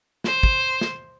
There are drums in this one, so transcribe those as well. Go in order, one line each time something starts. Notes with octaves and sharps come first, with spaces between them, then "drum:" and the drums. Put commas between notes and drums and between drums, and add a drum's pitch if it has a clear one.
C5, drum: snare
drum: kick
drum: snare